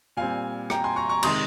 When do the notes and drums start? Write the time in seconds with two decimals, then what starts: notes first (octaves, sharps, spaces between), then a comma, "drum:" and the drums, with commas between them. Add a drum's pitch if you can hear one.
0.17 A#2 G3 C4 F5 G#5
0.70 G5 A#5, drum: rim click
0.84 G#5 C6
0.96 A#5 C#6
1.09 A#5 C#6
1.23 C3 D#3 G#3 C6 D#6, drum: cymbal